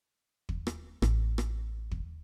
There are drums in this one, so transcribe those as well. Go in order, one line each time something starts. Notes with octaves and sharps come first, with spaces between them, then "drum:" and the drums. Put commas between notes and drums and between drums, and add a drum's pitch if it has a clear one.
drum: kick
drum: rim click
A1, drum: rim click
drum: rim click
drum: kick